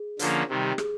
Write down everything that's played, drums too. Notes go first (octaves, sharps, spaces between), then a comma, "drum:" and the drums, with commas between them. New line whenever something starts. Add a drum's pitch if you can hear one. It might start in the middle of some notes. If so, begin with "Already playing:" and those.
Already playing: G#4
D3 F3 A#3 C#4, drum: hi-hat
C3 D#3 G3 G4
G4
G#4, drum: rim click